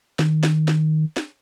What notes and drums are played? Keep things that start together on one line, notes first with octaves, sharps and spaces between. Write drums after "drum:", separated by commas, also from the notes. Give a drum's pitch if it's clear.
D#3, drum: snare
drum: snare
drum: snare
drum: snare